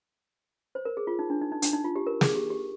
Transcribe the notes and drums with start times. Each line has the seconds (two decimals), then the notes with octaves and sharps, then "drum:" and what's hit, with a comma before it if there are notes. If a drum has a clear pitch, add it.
0.75 C5
0.85 A#4
0.97 G#4
1.07 F4
1.19 D#4
1.30 D4
1.41 D#4
1.52 D#4
1.62 D4, drum: hi-hat
1.73 D#4
1.84 F4
1.96 G4
2.07 A#4
2.21 G#4, drum: snare
2.36 G4
2.50 G4